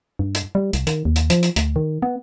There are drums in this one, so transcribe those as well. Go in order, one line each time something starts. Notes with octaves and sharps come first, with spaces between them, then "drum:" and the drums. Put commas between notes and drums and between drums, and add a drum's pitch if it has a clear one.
G2
drum: hi-hat
G3
C2, drum: hi-hat
D#3, drum: hi-hat
D#2
drum: hi-hat
F3, drum: hi-hat
drum: hi-hat
D2, drum: hi-hat
D#3
B3